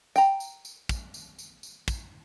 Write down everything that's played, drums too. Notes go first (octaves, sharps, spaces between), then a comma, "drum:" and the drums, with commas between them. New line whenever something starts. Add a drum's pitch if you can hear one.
G5 A#5, drum: tambourine
drum: tambourine
drum: tambourine
drum: kick, tambourine
drum: tambourine
drum: tambourine
drum: tambourine
drum: kick, tambourine